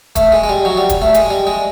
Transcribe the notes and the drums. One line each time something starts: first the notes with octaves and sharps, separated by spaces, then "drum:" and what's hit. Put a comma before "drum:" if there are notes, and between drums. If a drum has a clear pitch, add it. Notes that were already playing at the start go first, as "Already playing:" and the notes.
A3, drum: kick, hi-hat
G#3
G#3
G3
F#3
G3
drum: kick, hi-hat
A3
G#3, drum: hi-hat
G3
G#3